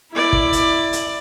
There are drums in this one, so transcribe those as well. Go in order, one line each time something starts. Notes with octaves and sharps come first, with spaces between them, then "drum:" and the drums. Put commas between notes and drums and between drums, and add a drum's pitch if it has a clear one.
E4 D5
drum: kick
drum: hi-hat
drum: hi-hat